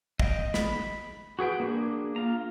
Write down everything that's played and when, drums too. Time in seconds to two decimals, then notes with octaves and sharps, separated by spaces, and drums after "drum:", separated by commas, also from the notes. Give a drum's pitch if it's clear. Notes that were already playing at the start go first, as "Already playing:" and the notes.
0.19 D#5 G5, drum: kick
0.54 B5, drum: snare
1.39 F#4 G#4 B4 G5
1.60 A#3 D4 G#4
2.16 F4 A#5